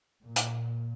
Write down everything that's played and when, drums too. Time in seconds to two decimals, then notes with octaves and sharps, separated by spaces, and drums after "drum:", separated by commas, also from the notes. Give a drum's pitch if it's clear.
0.23 A#2
0.36 drum: hi-hat